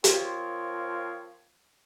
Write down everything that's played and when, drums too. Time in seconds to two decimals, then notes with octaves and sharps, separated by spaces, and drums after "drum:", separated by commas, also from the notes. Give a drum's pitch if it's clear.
0.04 F3 C4 F4 A#4 C#5, drum: hi-hat